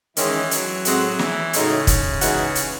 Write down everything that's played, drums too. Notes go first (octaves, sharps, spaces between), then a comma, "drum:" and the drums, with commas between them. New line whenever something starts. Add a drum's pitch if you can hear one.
D#3 E3 G#3 C#4, drum: hi-hat
F#3, drum: hi-hat
A2 G#3 C4 F#4, drum: hi-hat
E3, drum: snare
A2 C#3 G#3 D#4 F#4, drum: hi-hat
drum: kick, hi-hat
E3 G#3 D#4 F#4, drum: hi-hat
drum: hi-hat